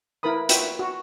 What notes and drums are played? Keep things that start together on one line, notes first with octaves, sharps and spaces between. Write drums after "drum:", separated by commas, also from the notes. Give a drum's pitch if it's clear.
E4 A#4 B4 B5 D#6
F4 F#4 B4 E5 G5, drum: hi-hat
F#4